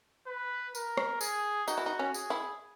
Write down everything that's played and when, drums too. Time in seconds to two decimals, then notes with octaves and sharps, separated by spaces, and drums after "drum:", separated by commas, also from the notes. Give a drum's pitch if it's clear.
0.27 B4
0.75 A#4, drum: tambourine
0.97 drum: rim click
1.21 G#4, drum: tambourine
1.68 D#4 F#4, drum: tambourine
1.78 E4
1.86 D#4
1.99 C#4
2.14 G#4, drum: tambourine
2.30 E4